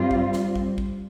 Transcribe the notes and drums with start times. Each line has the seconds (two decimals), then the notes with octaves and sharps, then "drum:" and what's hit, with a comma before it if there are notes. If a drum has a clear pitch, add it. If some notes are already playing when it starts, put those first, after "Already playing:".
Already playing: G2 G3 C4 F4
0.11 drum: kick
0.33 drum: snare
0.56 drum: kick
0.78 drum: kick